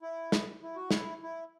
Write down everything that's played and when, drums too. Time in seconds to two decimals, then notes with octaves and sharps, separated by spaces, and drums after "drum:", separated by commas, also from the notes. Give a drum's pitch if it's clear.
0.02 E4
0.32 drum: snare
0.63 E4
0.76 F#4
0.91 E4, drum: snare
1.23 E4